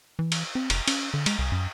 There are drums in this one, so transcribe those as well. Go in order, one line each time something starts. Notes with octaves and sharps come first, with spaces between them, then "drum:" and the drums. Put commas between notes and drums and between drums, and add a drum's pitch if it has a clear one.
E3
drum: cymbal
C4
F1, drum: cymbal
C#4, drum: cymbal
D3
G#3, drum: cymbal
C2
F#2